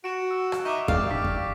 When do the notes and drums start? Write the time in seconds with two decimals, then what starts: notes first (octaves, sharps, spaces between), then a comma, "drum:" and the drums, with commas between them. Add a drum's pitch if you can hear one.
0.04 F#4 D7 E7
0.31 E6
0.52 drum: rim click
0.65 D#4 E5 C#6 D6
0.88 E2 G4 D5 F5, drum: kick F2
1.11 D4 B6
1.24 drum: kick F2